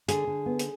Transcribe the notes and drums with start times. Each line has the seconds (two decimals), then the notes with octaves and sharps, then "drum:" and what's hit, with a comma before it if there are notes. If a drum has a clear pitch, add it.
0.08 D3 G#4, drum: hi-hat
0.27 D3
0.46 B3
0.59 drum: hi-hat